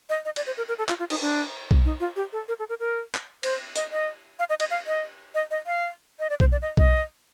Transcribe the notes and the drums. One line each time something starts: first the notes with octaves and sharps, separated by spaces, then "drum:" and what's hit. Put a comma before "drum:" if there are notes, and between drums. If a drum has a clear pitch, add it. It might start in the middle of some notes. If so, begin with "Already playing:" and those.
D#5
D#5
D5, drum: cymbal
C5
A#4
A#4
A4
F4, drum: clap
F4
D#4, drum: cymbal
D4
drum: kick B1
D#4
F4
G4
A4
A#4
A4
A#4
A#4
drum: clap
C5, drum: cymbal
D#5, drum: hi-hat
D#5
F5
D#5
D#5, drum: cymbal
F5
D#5
D#5
D#5
F5
D#5
D5
C5, drum: kick B1
D5
D#5
D#5, drum: kick B1